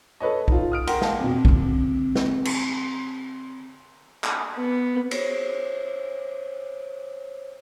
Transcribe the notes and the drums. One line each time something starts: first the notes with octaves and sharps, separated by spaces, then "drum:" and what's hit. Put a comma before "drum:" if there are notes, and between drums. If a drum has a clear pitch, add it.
A4 B4 C#5 D#5
D#4 F4, drum: kick B1
D#6 F6 D7
A#4 F#5 G5 C6, drum: cymbal
F5 A5, drum: snare
F2 B2
D3 C4, drum: kick B1
drum: snare
drum: cymbal
drum: clap
B3
C5 C#5, drum: cymbal